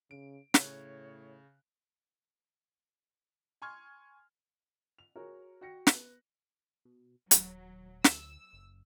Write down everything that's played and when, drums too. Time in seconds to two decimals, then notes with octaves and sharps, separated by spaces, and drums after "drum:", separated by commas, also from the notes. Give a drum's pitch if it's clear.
0.11 C#3 D7
0.54 A2 C#3 C#5 F#6, drum: snare
3.62 G#5 C6 C#6 F6 G#6
4.98 F7
5.16 F#4 G#4 A#4 C#5
5.61 F#4 G5 A#6 C#7
5.87 B3 F#6, drum: snare
6.85 B2
7.31 D#1 F#3, drum: hi-hat
8.04 D2 E6, drum: snare
8.53 F#1